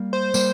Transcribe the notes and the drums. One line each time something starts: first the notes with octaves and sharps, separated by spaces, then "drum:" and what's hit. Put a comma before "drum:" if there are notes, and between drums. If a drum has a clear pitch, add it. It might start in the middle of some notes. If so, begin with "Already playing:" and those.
Already playing: G3 A#3
C5
G3 A#3, drum: tambourine